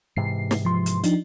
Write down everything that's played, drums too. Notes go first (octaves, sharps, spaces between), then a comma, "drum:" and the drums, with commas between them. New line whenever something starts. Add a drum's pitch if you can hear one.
G#2 C3 E3 C7
drum: snare
F3 C6
drum: hi-hat
F3 D4 D#4, drum: hi-hat